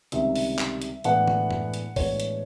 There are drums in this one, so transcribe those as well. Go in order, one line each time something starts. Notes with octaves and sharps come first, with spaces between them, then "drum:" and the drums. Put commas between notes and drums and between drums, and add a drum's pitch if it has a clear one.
C#2 C3 D#3 G3 C4 E5, drum: hi-hat
drum: open hi-hat
drum: clap
drum: hi-hat
A2 E3 G#3 B3 D4 F#5, drum: hi-hat
drum: tom D3
drum: tom F#2
drum: hi-hat
A2 E3 G#3 B3 D4 C#5, drum: kick, open hi-hat
drum: hi-hat